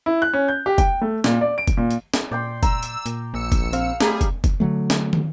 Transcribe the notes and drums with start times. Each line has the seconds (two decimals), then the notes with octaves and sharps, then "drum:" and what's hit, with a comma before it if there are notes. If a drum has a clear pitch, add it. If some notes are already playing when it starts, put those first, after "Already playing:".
0.06 E4
0.22 F#6
0.33 C#4
0.48 G6
0.66 G4
0.78 G5, drum: kick, hi-hat
1.01 A3
1.24 A#2, drum: snare
1.41 D5
1.58 D7
1.68 drum: kick, hi-hat
1.77 A#2
1.91 drum: hi-hat
2.14 drum: snare
2.32 A#2 D5 G5 C6
2.63 A#5 E6, drum: kick, hi-hat
2.83 drum: hi-hat
3.06 A#2, drum: hi-hat
3.34 A#1 A#2 E6 C#7
3.52 drum: kick, hi-hat
3.73 C4 F5, drum: hi-hat
4.00 G3 A3 G#4 A#5 B5, drum: snare
4.21 drum: kick, hi-hat
4.44 drum: kick, hi-hat
4.60 D3 D#3 F#3 A3
4.90 drum: snare
5.13 drum: tom